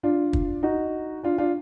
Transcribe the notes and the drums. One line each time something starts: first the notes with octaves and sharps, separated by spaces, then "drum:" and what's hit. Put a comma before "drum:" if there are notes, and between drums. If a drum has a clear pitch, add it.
D4 F4
drum: kick
D#4 F#4
D4 F4
D4 F4